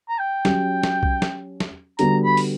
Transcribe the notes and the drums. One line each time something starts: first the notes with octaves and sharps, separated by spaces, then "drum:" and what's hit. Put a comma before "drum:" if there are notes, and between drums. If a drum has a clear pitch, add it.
A#5
G5
F#3 C#4 G4, drum: snare
drum: snare
drum: kick B1
drum: snare
drum: snare
D3 G3 B3 F#4 A#5, drum: hi-hat
B5
drum: open hi-hat